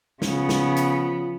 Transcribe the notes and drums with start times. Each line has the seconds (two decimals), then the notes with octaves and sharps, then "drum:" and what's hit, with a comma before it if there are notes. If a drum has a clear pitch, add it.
0.22 C#3 F3 B3, drum: snare
0.49 drum: snare
0.76 drum: hi-hat